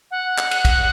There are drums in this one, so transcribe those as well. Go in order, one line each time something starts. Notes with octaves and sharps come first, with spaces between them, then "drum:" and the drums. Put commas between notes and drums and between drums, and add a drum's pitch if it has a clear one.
F#5
drum: clap
drum: cymbal
drum: kick, cymbal